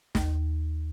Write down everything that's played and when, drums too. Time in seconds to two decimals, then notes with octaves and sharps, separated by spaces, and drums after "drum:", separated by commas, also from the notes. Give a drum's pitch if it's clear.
0.15 D#2, drum: snare